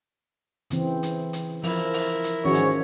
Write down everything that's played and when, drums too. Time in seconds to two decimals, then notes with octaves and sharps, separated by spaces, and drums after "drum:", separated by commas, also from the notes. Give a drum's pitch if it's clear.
0.70 C#3 E3 C4, drum: hi-hat
1.03 drum: hi-hat
1.33 drum: hi-hat
1.63 F3 E4 A#4, drum: open hi-hat
1.94 drum: open hi-hat
2.24 drum: hi-hat
2.45 G#2 D#3 F3 C#4 F#4 C#5
2.54 drum: hi-hat